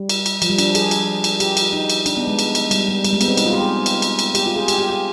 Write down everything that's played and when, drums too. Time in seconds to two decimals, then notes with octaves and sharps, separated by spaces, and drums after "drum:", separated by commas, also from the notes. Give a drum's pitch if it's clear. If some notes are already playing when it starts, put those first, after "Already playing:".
Already playing: G3
0.09 drum: cymbal
0.26 drum: cymbal
0.42 F3, drum: cymbal
0.50 G3
0.58 D4, drum: cymbal
0.75 G#4, drum: cymbal
0.91 drum: cymbal
1.24 drum: cymbal
1.40 G4, drum: cymbal
1.57 drum: cymbal
1.73 D#4
1.90 drum: cymbal
2.06 D4, drum: cymbal
2.17 B3
2.27 G#3
2.39 drum: cymbal
2.55 drum: cymbal
2.71 G3, drum: cymbal
2.88 G3
3.04 G3, drum: cymbal
3.13 G#3
3.21 B3, drum: cymbal
3.28 C4
3.37 D#4, drum: cymbal
3.46 F4
3.53 G4
3.62 G#4
3.86 drum: cymbal
4.02 drum: cymbal
4.19 drum: cymbal
4.35 G4, drum: cymbal
4.46 F4
4.56 G#4
4.68 G4, drum: cymbal
4.79 G4
4.90 G4